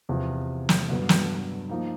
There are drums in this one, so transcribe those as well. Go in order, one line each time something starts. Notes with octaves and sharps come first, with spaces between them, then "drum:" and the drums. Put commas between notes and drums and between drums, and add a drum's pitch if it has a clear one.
E2 C3 F3
drum: snare
G2 D3 F#3 B3
drum: snare
F3 A#3 D#4